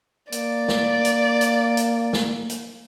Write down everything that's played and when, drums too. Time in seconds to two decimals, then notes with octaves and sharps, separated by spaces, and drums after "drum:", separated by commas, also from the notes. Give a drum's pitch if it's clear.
0.32 A#3 D5, drum: hi-hat
0.68 drum: snare
1.05 drum: hi-hat
1.41 drum: hi-hat
1.77 drum: hi-hat
2.13 drum: snare
2.49 drum: hi-hat